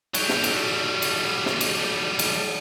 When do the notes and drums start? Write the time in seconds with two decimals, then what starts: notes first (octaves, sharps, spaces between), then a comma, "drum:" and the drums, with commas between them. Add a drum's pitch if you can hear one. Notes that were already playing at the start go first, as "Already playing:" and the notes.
0.14 F#3 G3, drum: cymbal
0.29 drum: snare
0.44 drum: cymbal
1.02 drum: cymbal
1.46 drum: snare
1.61 drum: cymbal
2.19 drum: cymbal